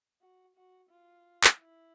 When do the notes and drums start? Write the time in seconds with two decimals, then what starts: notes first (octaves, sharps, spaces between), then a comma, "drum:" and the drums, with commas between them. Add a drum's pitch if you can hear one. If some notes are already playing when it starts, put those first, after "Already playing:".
0.21 F#4
0.56 F#4
0.89 F4
1.44 drum: clap
1.59 E4